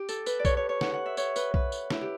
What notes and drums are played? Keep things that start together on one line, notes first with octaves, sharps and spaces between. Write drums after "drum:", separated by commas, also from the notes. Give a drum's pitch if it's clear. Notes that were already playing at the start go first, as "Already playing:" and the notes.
Already playing: G4
A4, drum: tambourine
B4, drum: tambourine
D5
C#5, drum: kick B1, tambourine
C#5
C#5
F#5, drum: snare
F#5
E5
C#5, drum: tambourine
B4, drum: tambourine
B4, drum: kick B1
drum: tambourine
E4, drum: snare
G4